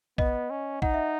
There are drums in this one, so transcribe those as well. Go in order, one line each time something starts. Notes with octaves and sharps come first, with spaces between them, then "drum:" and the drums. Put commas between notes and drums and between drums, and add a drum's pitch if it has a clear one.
B3 D#5, drum: kick
C#4
D#4 F#5, drum: kick
E5